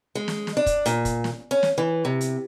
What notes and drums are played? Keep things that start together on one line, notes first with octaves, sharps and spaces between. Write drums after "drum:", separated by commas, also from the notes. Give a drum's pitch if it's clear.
G#3
drum: snare
drum: snare
D4
drum: kick, hi-hat
A#2, drum: hi-hat
drum: kick, hi-hat
drum: snare
C#4
drum: snare
E3
C3
drum: hi-hat